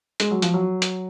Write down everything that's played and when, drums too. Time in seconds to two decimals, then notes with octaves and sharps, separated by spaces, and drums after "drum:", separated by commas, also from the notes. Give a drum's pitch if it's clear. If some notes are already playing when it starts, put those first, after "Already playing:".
0.20 G#3, drum: hi-hat
0.31 F#3
0.42 F3, drum: hi-hat
0.54 F#3
0.82 drum: hi-hat